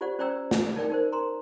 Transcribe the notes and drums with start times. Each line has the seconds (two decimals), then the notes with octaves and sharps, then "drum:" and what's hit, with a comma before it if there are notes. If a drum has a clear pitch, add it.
0.01 F4 G4 C5 D5 F#5
0.19 C#4 C5 D5 G5 A#5 E6
0.51 F#5, drum: snare
0.76 D#4 A#4 D5 G5
0.90 D#4 A#4 C5
1.12 A#5 C6